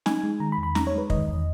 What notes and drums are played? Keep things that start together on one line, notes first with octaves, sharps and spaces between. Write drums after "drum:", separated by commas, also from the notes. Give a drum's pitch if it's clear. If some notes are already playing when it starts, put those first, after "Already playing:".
D#4 G#5, drum: snare
G#3
D#3 A#5
B5
E2
B5
D#4 A#5, drum: snare
C#5
G#3
B4
D#3 D#5, drum: kick
E2